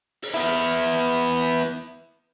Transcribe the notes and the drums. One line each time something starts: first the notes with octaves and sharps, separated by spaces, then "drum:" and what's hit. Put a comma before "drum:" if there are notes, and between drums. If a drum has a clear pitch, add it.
drum: open hi-hat
B3 E4